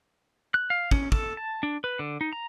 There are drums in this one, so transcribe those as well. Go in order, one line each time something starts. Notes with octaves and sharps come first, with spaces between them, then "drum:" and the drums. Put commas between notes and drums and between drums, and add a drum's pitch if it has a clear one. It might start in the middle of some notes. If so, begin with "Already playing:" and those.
F#6
F5
C#4, drum: kick
A4, drum: kick
A5
D4
B4
D3
D#4
A#5